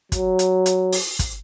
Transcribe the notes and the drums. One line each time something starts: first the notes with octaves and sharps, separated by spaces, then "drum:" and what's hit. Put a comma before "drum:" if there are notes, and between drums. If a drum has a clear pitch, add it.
F#3, drum: kick, hi-hat
drum: hi-hat
drum: hi-hat
drum: open hi-hat
drum: kick, hi-hat